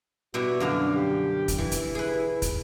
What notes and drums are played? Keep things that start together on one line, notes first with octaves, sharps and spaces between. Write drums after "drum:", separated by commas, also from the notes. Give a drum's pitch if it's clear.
B2 G3 E4 F#4
F#2 D3 G3 F5
G4
drum: kick, hi-hat
E3 E4
drum: hi-hat
G#4 B4
drum: kick, hi-hat